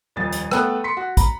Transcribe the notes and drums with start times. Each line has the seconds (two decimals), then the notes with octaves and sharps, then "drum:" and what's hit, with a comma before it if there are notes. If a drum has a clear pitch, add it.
0.16 D#1 F2 A6
0.32 drum: hi-hat
0.51 A3 B3 A4 B4 G5, drum: rim click
0.84 C6 B6 C#7
0.97 F#4
1.17 A#5 B5, drum: kick, hi-hat